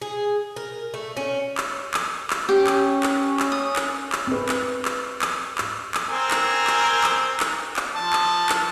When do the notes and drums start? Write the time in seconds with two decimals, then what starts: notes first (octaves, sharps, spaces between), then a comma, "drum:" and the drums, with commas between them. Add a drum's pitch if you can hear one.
0.02 G#4
0.56 A#4
0.94 A3
1.17 C#4
1.58 drum: clap
1.94 drum: clap
2.30 drum: clap
2.49 C#4 G4
2.67 drum: clap
3.03 drum: clap
3.40 drum: clap
3.52 D#6
3.76 drum: clap
4.12 drum: clap
4.27 C4 B4
4.49 drum: clap
4.85 drum: clap
5.22 drum: clap
5.58 drum: clap
5.94 drum: clap
6.09 C4 A#4 G#5
6.31 drum: clap
6.67 drum: clap
7.04 drum: clap
7.40 drum: clap
7.76 drum: clap
7.95 F3 A5
8.13 drum: clap
8.49 drum: clap